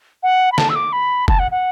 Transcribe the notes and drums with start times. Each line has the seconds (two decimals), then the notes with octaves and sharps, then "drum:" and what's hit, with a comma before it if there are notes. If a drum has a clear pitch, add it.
0.23 F#5
0.52 B5
0.58 A5, drum: snare
0.70 E6
0.75 D6
0.93 B5
1.28 A5, drum: kick
1.39 F#5
1.51 F#5